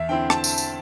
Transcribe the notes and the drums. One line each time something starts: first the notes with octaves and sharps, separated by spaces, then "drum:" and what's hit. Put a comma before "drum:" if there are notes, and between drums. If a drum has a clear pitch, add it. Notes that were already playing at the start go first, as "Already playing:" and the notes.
Already playing: E2 E5
D3 C4 E4 G5
A5, drum: rim click
drum: tambourine
drum: tambourine